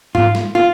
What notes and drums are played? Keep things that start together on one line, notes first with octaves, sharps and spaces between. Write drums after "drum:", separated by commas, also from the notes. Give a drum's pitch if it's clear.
F4, drum: tom G#2
drum: snare
F4